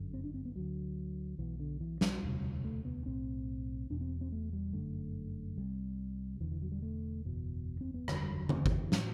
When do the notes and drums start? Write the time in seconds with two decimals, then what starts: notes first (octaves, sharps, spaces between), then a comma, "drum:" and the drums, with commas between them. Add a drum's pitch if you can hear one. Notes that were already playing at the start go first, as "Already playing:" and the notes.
Already playing: G1 F#2 D3
0.14 C4
0.24 D4
0.34 C4
0.45 B3
0.56 D2 D3 F#3
1.38 B1 B2 E3
1.60 D3
1.81 E3
2.01 G3, drum: snare
2.22 E1 D2 C3
2.65 A3
2.85 B3
3.06 B1 A2 C4
3.90 E1 E2 B2 D4
4.01 C4
4.21 C4
4.32 A3
4.53 G3
4.73 G1 F#2 D3 A3
5.57 C2 C3 G3
6.40 E1 E2 D3 E3
6.52 E3
6.62 F#3
6.72 G3
6.82 A3
7.25 F#1 E2 B2
7.81 C4
7.94 B3
8.08 F#1 E2 D3 G3, drum: rim click
8.23 G3
8.37 F#3
8.49 E3, drum: tom C#3
8.66 drum: kick G1
8.92 A2, drum: snare